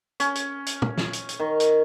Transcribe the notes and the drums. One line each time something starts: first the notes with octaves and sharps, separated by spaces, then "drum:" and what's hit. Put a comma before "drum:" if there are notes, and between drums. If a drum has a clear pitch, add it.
C#4, drum: hi-hat
drum: hi-hat
drum: hi-hat
drum: tom
drum: snare
drum: hi-hat
drum: hi-hat
D#3
drum: hi-hat